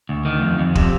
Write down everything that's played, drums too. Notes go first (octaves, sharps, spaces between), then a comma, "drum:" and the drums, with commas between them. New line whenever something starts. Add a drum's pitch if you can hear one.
D2
D#3
F2
F2
C3, drum: kick